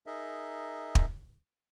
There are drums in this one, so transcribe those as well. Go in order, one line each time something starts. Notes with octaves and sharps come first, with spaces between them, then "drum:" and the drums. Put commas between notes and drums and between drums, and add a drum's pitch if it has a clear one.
D#4 G#4 A#4 D#5 E5
drum: kick